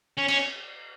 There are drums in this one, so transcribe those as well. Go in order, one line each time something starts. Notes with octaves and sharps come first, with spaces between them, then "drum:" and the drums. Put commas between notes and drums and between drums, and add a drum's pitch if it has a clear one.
C#4
C#4, drum: cymbal